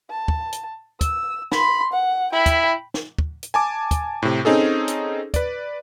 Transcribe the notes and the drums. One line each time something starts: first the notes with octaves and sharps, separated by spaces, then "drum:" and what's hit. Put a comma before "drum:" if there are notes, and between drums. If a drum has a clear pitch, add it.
A5
drum: kick
drum: hi-hat
E6, drum: kick, hi-hat
B5 C6, drum: snare
F#5
E4 G5 B5
drum: kick, hi-hat
drum: snare
drum: kick
drum: hi-hat
G#5 A5 D6
drum: kick, hi-hat
A2 C3
C4 C#4 D#4 G#4 A4
drum: hi-hat
B4 D5, drum: kick, hi-hat